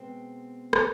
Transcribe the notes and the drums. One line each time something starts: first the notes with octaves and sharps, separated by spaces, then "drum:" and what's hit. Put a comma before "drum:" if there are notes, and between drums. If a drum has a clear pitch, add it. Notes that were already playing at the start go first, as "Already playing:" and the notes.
Already playing: B2 G#3 B3 C4
drum: rim click